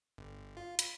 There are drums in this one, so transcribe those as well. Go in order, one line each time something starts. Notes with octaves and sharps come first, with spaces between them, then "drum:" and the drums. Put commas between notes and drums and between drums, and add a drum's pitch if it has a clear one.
G1
F4
B5, drum: hi-hat